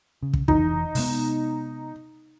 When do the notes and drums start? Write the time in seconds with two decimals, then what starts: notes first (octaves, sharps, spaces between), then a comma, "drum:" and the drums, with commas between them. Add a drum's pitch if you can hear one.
0.23 C#3
0.33 drum: kick
0.48 F1 E3 D#4, drum: kick
0.95 C3 G#3 B3, drum: open hi-hat